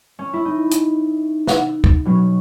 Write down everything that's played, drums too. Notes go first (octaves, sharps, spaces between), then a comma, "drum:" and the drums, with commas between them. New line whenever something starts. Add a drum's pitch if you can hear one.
C#4
E4
D#4
drum: hi-hat
drum: snare
drum: kick
B2 F#3 C#4